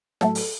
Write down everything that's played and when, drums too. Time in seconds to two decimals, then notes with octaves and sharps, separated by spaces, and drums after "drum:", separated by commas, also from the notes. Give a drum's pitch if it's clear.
0.21 A2 F#3 A3 A4, drum: snare
0.35 drum: open hi-hat